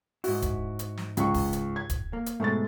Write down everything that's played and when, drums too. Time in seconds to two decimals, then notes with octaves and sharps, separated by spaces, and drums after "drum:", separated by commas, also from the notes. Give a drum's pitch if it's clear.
0.24 G#2 E4 F#4, drum: open hi-hat
0.42 drum: kick, hi-hat
0.79 drum: hi-hat
0.97 drum: snare
1.17 C#2 C#6, drum: hi-hat
1.34 drum: kick, open hi-hat
1.53 drum: hi-hat
1.76 G#6
1.90 drum: kick, hi-hat
2.13 A#3
2.26 drum: hi-hat
2.40 G#2 B2 G#3 A3 A6